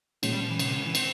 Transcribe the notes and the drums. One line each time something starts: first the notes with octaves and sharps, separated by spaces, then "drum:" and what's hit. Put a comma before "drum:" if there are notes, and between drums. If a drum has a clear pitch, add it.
A#2 F3 G#3 C#4, drum: cymbal
G3
F3
E3
C#3, drum: cymbal
C3
C#3
E3
C4, drum: cymbal